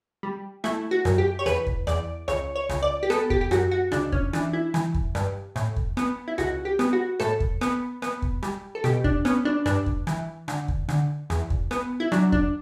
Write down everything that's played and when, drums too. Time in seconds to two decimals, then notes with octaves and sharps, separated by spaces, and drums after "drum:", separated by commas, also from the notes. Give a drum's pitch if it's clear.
0.23 G3
0.64 A3 E4, drum: rim click
0.91 F#4
1.05 F#2, drum: rim click
1.18 G4
1.39 C#5
1.46 E2 B4, drum: rim click
1.67 drum: kick
1.87 E2 D5, drum: rim click
2.28 C#2 C#5, drum: rim click
2.56 C#5
2.69 C#2, drum: rim click
2.83 D5
3.03 G4
3.10 B3 A4, drum: rim click
3.30 G4, drum: kick
3.41 G4
3.51 F#2 F#4, drum: rim click
3.71 F#4
3.92 C#2 D4, drum: rim click
4.12 C#4, drum: kick
4.33 E3 D4, drum: rim click
4.53 E4
4.74 E3, drum: rim click
4.94 drum: kick
5.15 G2, drum: rim click
5.56 A2, drum: rim click
5.76 drum: kick
5.97 B3, drum: rim click
6.28 E4
6.38 C#2 F#4, drum: rim click
6.65 G4
6.79 B3, drum: rim click
6.93 F#4
7.19 A2 A4, drum: rim click
7.40 drum: kick
7.61 B3, drum: rim click
8.02 B3, drum: rim click
8.22 drum: kick
8.43 G3, drum: rim click
8.75 A4
8.84 B2 G4, drum: rim click
9.04 D4, drum: kick
9.25 B3 C#4, drum: rim click
9.45 D4
9.66 G2 D4, drum: rim click
9.86 drum: kick
10.07 E3, drum: rim click
10.48 D3, drum: rim click
10.68 drum: kick
10.89 D3, drum: rim click
11.30 E2, drum: rim click
11.50 drum: kick
11.71 B3, drum: rim click
12.00 E4
12.12 F#3 D4, drum: rim click
12.32 D4, drum: kick